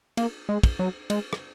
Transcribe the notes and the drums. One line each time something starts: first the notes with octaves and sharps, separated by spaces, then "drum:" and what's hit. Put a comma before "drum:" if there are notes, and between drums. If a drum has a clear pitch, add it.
A#3, drum: cymbal
G#3
drum: kick, cymbal
F#3
G#3, drum: cymbal
drum: rim click